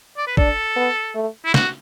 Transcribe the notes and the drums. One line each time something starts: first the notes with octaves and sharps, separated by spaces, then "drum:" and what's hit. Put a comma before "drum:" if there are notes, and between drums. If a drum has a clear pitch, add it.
D5
B4
D4 A4, drum: kick A1
B3
A3
E4
F#4, drum: snare